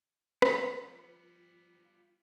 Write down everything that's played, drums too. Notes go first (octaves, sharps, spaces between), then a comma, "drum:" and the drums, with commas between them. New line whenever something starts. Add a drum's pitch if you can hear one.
G#3 B4 D#6, drum: rim click
F3 G3 B3
F4